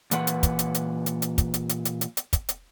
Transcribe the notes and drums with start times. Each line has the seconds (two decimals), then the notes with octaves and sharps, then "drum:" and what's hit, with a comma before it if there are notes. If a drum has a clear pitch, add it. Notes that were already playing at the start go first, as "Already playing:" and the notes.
0.11 A#2 E3 B4 F#5, drum: hi-hat
0.27 drum: hi-hat
0.43 drum: kick, hi-hat
0.59 drum: hi-hat
0.75 drum: hi-hat
1.06 drum: hi-hat
1.22 drum: hi-hat
1.38 drum: kick, hi-hat
1.54 drum: hi-hat
1.69 drum: hi-hat
1.85 drum: hi-hat
2.01 drum: hi-hat
2.17 drum: hi-hat
2.33 drum: kick, hi-hat
2.49 drum: hi-hat